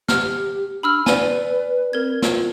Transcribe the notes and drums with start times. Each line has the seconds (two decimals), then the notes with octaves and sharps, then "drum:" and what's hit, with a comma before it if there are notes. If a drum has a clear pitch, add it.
0.08 G4 F6, drum: snare
0.83 D4 B5 E6 F6
1.06 B4 D5 G#5, drum: snare
1.93 C4 A#4 G#6
2.22 F4, drum: snare